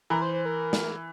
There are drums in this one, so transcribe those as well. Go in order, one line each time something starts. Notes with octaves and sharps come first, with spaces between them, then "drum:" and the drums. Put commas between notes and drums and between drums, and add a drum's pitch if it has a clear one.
E3 A#4
C5
C5
A#4
drum: snare